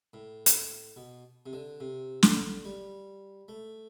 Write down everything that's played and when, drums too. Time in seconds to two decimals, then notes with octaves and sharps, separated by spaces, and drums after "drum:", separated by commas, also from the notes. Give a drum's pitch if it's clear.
0.13 A2
0.46 drum: hi-hat
0.96 B2
1.46 C3
1.53 D3
1.80 C3
2.23 D3, drum: snare
2.65 G3
3.48 A3